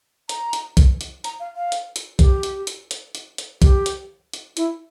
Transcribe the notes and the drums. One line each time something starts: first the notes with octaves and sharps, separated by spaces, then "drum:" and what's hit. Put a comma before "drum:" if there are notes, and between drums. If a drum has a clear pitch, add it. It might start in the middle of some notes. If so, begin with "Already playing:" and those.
A#5, drum: hi-hat
drum: hi-hat
drum: kick B1, hi-hat
drum: hi-hat
A#5, drum: hi-hat
F5
F5
drum: hi-hat
drum: hi-hat
G4, drum: kick B1, hi-hat
drum: hi-hat
drum: hi-hat
drum: hi-hat
drum: hi-hat
drum: hi-hat
G4, drum: kick B1, hi-hat
drum: hi-hat
drum: hi-hat
E4, drum: hi-hat